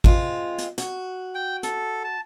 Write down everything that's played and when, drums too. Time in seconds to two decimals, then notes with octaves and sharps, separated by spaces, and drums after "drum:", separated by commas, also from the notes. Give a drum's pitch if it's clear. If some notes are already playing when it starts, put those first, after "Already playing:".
0.04 G#3 C4 F4, drum: kick G#1
0.58 drum: hi-hat
0.78 F#4, drum: hi-hat
1.35 G5
1.63 A4, drum: hi-hat
2.04 A5